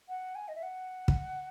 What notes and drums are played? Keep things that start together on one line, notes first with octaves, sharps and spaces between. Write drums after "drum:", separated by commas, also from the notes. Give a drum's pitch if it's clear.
F#5
G#5
D#5
E5
F#5
drum: kick